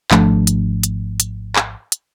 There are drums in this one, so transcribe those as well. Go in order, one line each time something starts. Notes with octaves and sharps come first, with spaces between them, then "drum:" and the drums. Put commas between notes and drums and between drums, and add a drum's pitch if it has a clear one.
G#1 F3 A3 D4, drum: clap
drum: hi-hat
drum: hi-hat
drum: hi-hat
drum: clap
drum: hi-hat